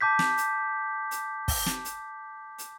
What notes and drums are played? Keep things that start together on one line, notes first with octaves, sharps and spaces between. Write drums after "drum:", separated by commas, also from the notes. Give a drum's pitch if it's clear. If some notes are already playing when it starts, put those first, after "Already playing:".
A5 D6 G6 B6
drum: snare
drum: hi-hat
drum: hi-hat
drum: kick, open hi-hat
drum: snare
drum: hi-hat
drum: hi-hat